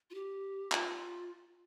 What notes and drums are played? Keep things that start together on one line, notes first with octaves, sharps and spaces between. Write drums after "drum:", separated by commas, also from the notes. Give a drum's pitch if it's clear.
F4
G4
F4, drum: clap